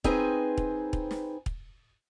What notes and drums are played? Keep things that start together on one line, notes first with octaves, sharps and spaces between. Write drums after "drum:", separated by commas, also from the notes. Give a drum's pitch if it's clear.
C4 D#4 G#4 B4 C5 G#5, drum: kick
drum: kick
drum: kick
drum: snare
drum: kick